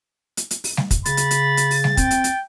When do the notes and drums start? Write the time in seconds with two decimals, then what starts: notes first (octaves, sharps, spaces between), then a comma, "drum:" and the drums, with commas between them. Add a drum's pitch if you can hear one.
0.37 drum: hi-hat
0.51 drum: hi-hat
0.64 drum: open hi-hat
0.77 drum: snare G3
0.91 drum: kick, hi-hat
1.05 C#3 B5 A6, drum: hi-hat
1.17 drum: hi-hat
1.31 drum: hi-hat
1.57 drum: hi-hat
1.71 drum: open hi-hat
1.84 drum: snare G3
1.97 C4 G5, drum: kick, hi-hat
2.11 drum: hi-hat
2.24 drum: hi-hat